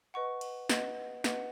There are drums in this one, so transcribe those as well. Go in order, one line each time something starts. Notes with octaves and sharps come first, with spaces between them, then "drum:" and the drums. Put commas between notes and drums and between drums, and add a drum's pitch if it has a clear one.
B4 D#5 F#5 C#6
drum: cymbal
B4 D#5 F#5, drum: snare
B4 D#5 F#5, drum: snare